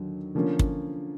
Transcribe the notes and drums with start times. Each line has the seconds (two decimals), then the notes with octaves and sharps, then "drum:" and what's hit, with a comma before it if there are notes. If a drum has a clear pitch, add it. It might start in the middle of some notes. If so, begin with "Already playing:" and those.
Already playing: D#2 D3 F#3
0.35 D3 F3 A#3 C#4 F4
0.59 drum: kick